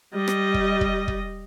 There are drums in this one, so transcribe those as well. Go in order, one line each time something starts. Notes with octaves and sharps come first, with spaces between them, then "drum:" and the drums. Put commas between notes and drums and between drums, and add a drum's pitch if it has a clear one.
G3 D#5
drum: rim click
drum: kick
drum: kick
drum: kick